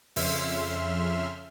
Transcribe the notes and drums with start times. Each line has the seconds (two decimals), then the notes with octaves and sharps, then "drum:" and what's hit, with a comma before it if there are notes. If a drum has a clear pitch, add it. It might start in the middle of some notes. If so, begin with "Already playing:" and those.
0.16 F2 C#3 E5 C6 F6, drum: open hi-hat